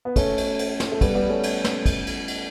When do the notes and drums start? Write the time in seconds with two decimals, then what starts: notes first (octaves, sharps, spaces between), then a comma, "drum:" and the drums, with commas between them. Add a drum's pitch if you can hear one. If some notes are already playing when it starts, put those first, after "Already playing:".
0.05 B3
0.16 A3 C#4, drum: kick, cymbal
0.38 drum: cymbal
0.59 drum: cymbal
0.80 drum: snare
0.92 A3
1.01 G3 B3, drum: kick, cymbal
1.15 G3 B3
1.29 A3 C#4
1.43 drum: cymbal
1.64 drum: snare
1.86 drum: kick, cymbal
2.07 drum: cymbal
2.28 drum: cymbal